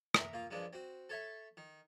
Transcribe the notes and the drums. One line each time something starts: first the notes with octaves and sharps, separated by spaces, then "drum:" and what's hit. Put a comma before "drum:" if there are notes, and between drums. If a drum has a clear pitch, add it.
A#4 E5, drum: rim click
A#3 F4
G2 D#3 F3 G#3 D4
C4 F#4
A4 C#5 E5 A5
D#3